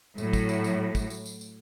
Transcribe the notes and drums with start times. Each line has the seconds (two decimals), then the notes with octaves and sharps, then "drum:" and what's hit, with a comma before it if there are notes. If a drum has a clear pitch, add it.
0.18 A2 F#3, drum: tambourine
0.33 drum: kick, tambourine
0.49 drum: tambourine
0.64 drum: tambourine
0.95 drum: kick, tambourine
1.10 drum: tambourine
1.26 drum: tambourine
1.41 drum: tambourine